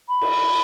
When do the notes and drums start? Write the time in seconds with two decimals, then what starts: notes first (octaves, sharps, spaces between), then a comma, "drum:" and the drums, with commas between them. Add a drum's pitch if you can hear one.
0.09 B5
0.21 drum: cymbal